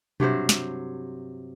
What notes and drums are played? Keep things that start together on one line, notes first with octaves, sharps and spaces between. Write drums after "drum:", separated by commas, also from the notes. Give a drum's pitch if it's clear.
G2 C3 F#3 C5, drum: tom B2
drum: snare